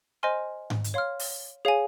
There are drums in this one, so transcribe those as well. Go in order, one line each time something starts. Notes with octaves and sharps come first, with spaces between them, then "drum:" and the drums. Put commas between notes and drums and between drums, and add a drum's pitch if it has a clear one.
C5 D#5 G#5 C6 F6
drum: tom G#2
drum: hi-hat
C#5 F5 C6 F6
drum: open hi-hat
G#4 C#5 F5 G#5